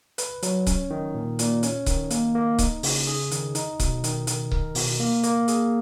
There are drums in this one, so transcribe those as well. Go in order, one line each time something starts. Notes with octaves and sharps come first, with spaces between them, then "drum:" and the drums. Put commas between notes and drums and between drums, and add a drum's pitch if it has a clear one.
B4, drum: hi-hat
F#3, drum: hi-hat
C#4, drum: kick C#1, hi-hat
D#3
A#2
A#2, drum: hi-hat
C#4, drum: hi-hat
D#3, drum: kick C#1, hi-hat
A#3, drum: hi-hat
A#3
D#4, drum: kick C#1, hi-hat
C#3, drum: open hi-hat
G#4
D#3, drum: hi-hat
D#4, drum: hi-hat
B2, drum: kick C#1, hi-hat
D#3, drum: hi-hat
D#3, drum: hi-hat
A#4, drum: kick C#1
B2, drum: open hi-hat
A#3
A#3, drum: hi-hat
G#4, drum: hi-hat